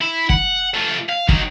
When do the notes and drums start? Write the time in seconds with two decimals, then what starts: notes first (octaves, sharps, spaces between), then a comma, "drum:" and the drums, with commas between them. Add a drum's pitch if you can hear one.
0.01 E4
0.29 F#5, drum: kick
0.74 A3 F4
1.09 F5
1.29 F#3 D#4, drum: kick